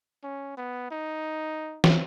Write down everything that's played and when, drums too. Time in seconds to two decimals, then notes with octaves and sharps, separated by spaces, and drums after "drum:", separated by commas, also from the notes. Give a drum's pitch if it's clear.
0.24 C#4
0.57 B3
0.91 D#4
1.84 drum: snare